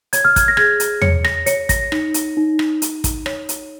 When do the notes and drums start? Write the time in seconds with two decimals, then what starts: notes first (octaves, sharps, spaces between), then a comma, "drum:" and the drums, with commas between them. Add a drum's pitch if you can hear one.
0.13 C#5 G#6, drum: hi-hat
0.25 F6
0.36 G#6, drum: kick, hi-hat
0.48 A#6
0.57 G#4 G#6, drum: rim click
0.80 drum: hi-hat
1.02 C#5 C#7, drum: tom
1.24 A#6, drum: rim click
1.46 C#5 C#7, drum: hi-hat
1.69 A#6, drum: kick, hi-hat
1.92 D#4, drum: rim click
2.14 drum: hi-hat
2.37 D#4
2.59 drum: rim click
2.82 D#4, drum: hi-hat
3.04 drum: kick, hi-hat
3.26 C#5, drum: rim click
3.49 drum: hi-hat